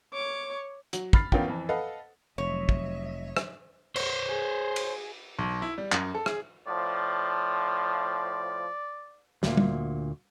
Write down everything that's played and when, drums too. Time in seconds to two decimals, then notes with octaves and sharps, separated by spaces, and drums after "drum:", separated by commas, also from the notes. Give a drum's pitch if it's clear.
0.13 C#5 D6
0.93 F#3, drum: hi-hat
1.13 B5 F6 A6 C7, drum: kick
1.32 A1 B3 C#4 F4 A#4 G5, drum: kick
1.48 F2 E3
1.69 A4 B4 D#5 F5 F#5
2.38 F1 F#3 C#5 D#5 E5
2.69 drum: kick
3.37 drum: rim click
3.96 C5 C#5, drum: cymbal
4.27 G#4
4.76 drum: cymbal
5.39 B1
5.62 E4
5.78 G3
5.92 F#2, drum: clap
6.14 A4
6.26 G#4, drum: rim click
6.67 A2 F3 D5
9.43 D2 A#2, drum: snare
9.57 drum: tom